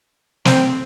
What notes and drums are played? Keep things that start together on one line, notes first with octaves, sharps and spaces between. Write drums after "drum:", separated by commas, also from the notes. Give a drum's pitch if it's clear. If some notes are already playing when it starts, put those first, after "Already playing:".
C4, drum: snare